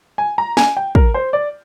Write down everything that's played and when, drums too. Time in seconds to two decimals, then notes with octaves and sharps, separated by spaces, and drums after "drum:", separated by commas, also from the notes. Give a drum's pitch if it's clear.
0.18 G#5
0.38 A#5
0.57 G#5, drum: snare
0.77 G5
0.95 A#4, drum: kick
1.14 C5
1.33 D5